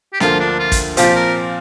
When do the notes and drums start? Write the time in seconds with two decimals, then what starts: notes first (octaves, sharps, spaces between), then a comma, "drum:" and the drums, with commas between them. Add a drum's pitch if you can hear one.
0.13 G4
0.20 D2 D3 F3 A#3 F4, drum: snare
0.40 D4
0.59 F4
0.72 drum: kick, hi-hat
0.97 A#2 F3 C4 F4 G4, drum: hi-hat
1.16 A#4